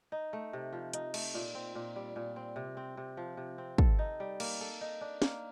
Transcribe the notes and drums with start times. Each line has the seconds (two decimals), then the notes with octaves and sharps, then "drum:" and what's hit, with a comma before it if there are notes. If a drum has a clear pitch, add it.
0.12 D#4
0.33 A3
0.53 C3
0.73 F3
0.93 D#4, drum: hi-hat
1.14 A3, drum: cymbal
1.34 A#2
1.55 C4
1.75 A#2
1.96 G3
2.16 A#2
2.36 C4
2.56 C3
2.77 C4
2.97 C3
3.17 F3
3.37 C3
3.58 C4
3.78 A4, drum: kick
3.99 D#4
4.20 G3
4.40 A#3, drum: cymbal
4.61 A4
4.81 D#4
5.01 D4
5.22 A#3, drum: snare